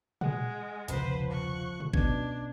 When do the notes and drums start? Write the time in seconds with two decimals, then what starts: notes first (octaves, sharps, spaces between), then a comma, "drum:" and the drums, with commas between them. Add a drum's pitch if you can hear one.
0.21 G#3 F#5, drum: tom A#2
0.88 E1 C2 C#3 F3 B4 C5, drum: hi-hat
1.31 C#6 F#6
1.80 drum: tom A#2
1.94 B2 C#4 D4 G#6, drum: kick G#1